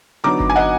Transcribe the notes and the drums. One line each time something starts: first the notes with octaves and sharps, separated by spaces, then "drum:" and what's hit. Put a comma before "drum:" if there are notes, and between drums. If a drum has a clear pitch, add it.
D3 F#3 B3 D#4 A#5 D6
drum: kick G1
G#5
D#5 F#5